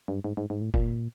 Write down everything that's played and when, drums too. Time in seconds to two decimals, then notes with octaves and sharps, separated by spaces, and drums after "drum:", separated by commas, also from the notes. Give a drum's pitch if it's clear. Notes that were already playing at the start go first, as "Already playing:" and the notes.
0.08 G2
0.24 G#2
0.37 G#2
0.50 G#2
0.61 A2
0.74 A#2, drum: kick F#1